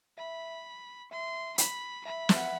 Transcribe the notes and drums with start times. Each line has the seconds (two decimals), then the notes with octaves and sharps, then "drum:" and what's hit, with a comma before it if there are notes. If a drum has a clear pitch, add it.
0.18 E5 B5
1.11 E5 C6
1.58 B5, drum: hi-hat
2.05 E5 B5
2.29 E5, drum: snare
2.36 F#5
2.44 E5